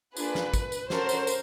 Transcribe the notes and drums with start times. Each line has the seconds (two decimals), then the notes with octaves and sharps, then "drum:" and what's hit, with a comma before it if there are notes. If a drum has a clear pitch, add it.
0.16 A#3 D4 F4 G#4 B4, drum: tambourine
0.35 drum: snare
0.54 drum: kick, tambourine
0.72 drum: tambourine
0.90 C#4 F#4 A4 A#4 C5, drum: snare
1.09 drum: tambourine
1.27 drum: tambourine